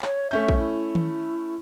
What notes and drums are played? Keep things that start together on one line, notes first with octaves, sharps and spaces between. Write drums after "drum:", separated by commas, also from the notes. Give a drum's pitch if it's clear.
C#5, drum: clap
A3 C#4 E5 G6
drum: kick A#1
E4
drum: tom D#3